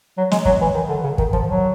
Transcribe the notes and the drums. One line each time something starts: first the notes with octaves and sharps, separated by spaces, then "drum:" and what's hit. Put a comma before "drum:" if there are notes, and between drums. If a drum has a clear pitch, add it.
F#3
G#3, drum: snare
F#3, drum: kick
E3
D#3
D3
C#3
D#3, drum: kick
F3, drum: kick
F#3